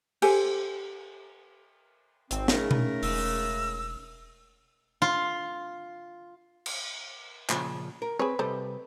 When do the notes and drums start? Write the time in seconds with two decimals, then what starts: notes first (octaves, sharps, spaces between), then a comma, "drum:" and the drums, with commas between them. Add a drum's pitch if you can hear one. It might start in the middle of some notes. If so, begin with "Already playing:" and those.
0.22 G4 A4 C5 G#5, drum: cymbal
2.31 G#1 C4, drum: hi-hat
2.48 C#3 A3 C#4 D#4 G#4 A#4, drum: snare
2.71 drum: tom B2
3.03 E1 E6, drum: open hi-hat
5.02 F4
6.66 drum: cymbal
7.49 A#2 C#3 F3, drum: clap
8.02 A#4
8.19 C4 G#4 B4 C#5
8.39 C3 G3 A4 C5 D#5